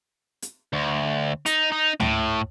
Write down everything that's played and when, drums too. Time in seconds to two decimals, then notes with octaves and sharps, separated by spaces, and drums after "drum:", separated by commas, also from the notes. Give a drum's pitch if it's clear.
0.42 drum: hi-hat
0.73 D2
1.46 D#4, drum: hi-hat
1.72 D#4
2.00 A2, drum: tom